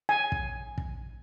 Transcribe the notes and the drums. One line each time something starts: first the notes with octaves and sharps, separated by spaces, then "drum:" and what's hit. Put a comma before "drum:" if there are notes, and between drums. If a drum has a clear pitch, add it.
G#5
drum: kick
drum: kick